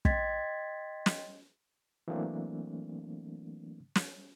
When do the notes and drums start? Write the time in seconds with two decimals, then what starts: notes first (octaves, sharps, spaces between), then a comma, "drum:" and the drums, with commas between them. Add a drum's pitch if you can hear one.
0.05 D#5 G5 C6 G#6 A6 B6, drum: kick
1.06 drum: snare
2.08 E3 F#3 A3 A#3 C4 D4
3.96 drum: snare